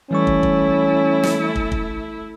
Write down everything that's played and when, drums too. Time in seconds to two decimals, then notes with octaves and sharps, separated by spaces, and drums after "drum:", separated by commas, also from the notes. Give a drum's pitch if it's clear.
0.11 E3 G3 A3 C#4 E4 C#6
0.27 drum: kick
0.43 drum: kick
1.23 drum: snare
1.56 drum: kick
1.72 drum: kick